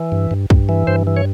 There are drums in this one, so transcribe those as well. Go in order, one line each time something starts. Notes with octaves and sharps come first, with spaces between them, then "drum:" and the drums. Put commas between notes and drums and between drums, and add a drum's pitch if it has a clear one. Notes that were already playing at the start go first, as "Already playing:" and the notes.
Already playing: E3
G2
G2
G2, drum: kick
E3
G2 C5
E3
C#5